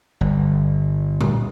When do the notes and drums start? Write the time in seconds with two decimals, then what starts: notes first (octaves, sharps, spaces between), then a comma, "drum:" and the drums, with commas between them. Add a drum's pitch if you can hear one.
0.21 G1
1.21 drum: tom A#2